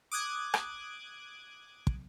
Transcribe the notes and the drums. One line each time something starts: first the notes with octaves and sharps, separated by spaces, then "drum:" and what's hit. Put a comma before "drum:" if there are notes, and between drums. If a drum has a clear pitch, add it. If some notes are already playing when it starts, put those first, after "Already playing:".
D6 D#6 F#6 G#6
drum: rim click
drum: kick